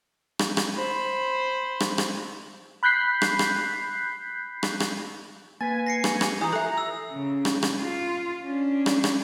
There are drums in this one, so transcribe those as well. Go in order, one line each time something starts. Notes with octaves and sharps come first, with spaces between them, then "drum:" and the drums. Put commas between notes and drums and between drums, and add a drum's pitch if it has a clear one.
drum: rim click
drum: rim click
C5 B5
drum: rim click
drum: rim click
B5 F#6 G6 B6 C7
drum: rim click
drum: rim click
drum: rim click
drum: rim click
A#3 B4 G#5 A6 B6
A#6 C7 C#7
drum: rim click
G4, drum: rim click
E3 F4 G#5 A#5 D#6 G6
A4 E5 A#5
E6
C#3
drum: rim click
drum: rim click
F4
C#4 D4
drum: rim click
drum: rim click